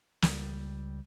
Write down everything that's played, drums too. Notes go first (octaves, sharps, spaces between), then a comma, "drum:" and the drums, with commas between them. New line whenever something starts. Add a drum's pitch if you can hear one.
C#2 G3, drum: snare